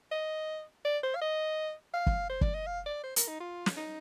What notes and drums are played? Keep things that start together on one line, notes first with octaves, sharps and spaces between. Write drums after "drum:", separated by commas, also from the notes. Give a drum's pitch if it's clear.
D#5
D5
C5
F5
D#5
F5
drum: kick
C5
D5, drum: kick
D#5
F5
D5
C5
A#4, drum: hi-hat
D#4
F4
drum: snare
D#4